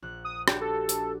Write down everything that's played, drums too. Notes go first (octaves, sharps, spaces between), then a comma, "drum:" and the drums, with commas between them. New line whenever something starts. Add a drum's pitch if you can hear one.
A#1 F#6
D#6
D4 F#4 G4 G5, drum: rim click
A4
drum: hi-hat